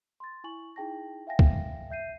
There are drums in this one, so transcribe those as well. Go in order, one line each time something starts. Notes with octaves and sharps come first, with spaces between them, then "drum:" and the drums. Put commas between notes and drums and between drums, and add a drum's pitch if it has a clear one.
C6 A6
E4 G#5 C#6 F#7
D#4 E4 G#4 G5 A5 A#6
E5 F5 G5 G#5 A#6
drum: kick
E5 G6 C7 D#7